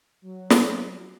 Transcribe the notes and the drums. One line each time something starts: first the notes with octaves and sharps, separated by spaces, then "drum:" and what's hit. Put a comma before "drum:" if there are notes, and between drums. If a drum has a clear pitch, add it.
F#3
drum: snare